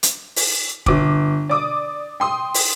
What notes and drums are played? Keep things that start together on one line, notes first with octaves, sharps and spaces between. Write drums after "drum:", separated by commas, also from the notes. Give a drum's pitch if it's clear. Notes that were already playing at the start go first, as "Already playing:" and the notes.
drum: hi-hat
drum: open hi-hat
G1 D6, drum: kick
D5 D6 D#6
G5 C6 D#6
drum: open hi-hat